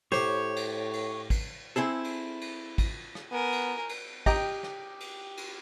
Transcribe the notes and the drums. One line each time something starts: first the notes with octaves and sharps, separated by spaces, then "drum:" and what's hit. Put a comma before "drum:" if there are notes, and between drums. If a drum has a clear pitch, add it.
A2 G4 C5 C#5
drum: cymbal
drum: cymbal
drum: kick, cymbal
C4 E4 G#4 A4
drum: cymbal
drum: cymbal
drum: kick, cymbal
drum: rim click
B3 A#4 G#5
drum: cymbal
drum: cymbal
G4 D#5 G5 A#5, drum: kick, cymbal
drum: rim click
drum: cymbal
drum: cymbal